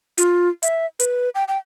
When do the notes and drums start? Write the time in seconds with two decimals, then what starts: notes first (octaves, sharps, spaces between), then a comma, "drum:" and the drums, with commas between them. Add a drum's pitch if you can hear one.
0.18 F4, drum: hi-hat
0.63 E5, drum: hi-hat
1.00 B4, drum: hi-hat
1.35 G5
1.48 G5